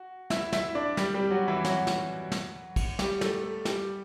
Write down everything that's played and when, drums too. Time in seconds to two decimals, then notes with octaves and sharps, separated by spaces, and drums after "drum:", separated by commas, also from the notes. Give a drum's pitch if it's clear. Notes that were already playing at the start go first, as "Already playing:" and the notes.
Already playing: F#4
0.30 E4 E5, drum: snare
0.52 E4 E5, drum: snare
0.75 D4 D5
0.97 G3 G4, drum: snare
1.14 G3 G4
1.30 F#3 F#4
1.48 E3 E4
1.65 F#3 F#4, drum: snare
1.87 drum: snare
2.32 drum: snare
2.76 drum: kick, cymbal
2.99 G3 G4, drum: snare
3.21 A3 A4, drum: snare
3.43 A3 A4
3.65 G3 G4, drum: snare